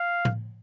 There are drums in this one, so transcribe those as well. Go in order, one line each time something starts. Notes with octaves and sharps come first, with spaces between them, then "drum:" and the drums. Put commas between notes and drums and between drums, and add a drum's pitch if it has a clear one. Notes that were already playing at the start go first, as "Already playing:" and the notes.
Already playing: F5
drum: tom A2